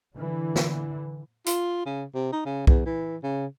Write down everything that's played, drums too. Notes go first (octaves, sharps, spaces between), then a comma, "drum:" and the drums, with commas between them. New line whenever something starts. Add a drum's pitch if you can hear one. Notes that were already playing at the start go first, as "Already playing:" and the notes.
D3 E3
drum: snare
F4, drum: hi-hat
C#3
C3
D#4
C#3
E2, drum: kick
E3
C#3